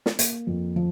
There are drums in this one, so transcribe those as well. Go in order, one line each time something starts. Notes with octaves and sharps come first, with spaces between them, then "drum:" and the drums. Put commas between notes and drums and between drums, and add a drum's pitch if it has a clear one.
drum: snare
A#3, drum: hi-hat
F2
F3